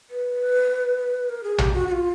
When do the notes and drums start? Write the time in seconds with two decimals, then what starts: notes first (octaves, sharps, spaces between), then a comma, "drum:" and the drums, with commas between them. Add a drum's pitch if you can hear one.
0.10 B4
1.29 A#4
1.43 G#4
1.58 G4, drum: tom A#1
1.74 F#4
1.87 F#4
1.92 F4